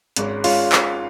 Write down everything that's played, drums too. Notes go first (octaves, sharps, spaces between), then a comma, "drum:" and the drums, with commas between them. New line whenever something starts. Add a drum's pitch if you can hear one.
G#1 G#2 G#3 C#4, drum: hi-hat
G#3 C#4 F4, drum: open hi-hat
drum: clap